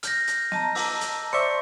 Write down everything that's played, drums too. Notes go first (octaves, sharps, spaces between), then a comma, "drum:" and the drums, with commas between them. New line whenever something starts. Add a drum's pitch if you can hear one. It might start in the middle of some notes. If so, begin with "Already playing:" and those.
F6 G6 A#6, drum: hi-hat
drum: hi-hat
D#5 A5 A#5, drum: snare
D6 E6, drum: open hi-hat
drum: hi-hat
C5 D5 E5 C#6 G6 C#7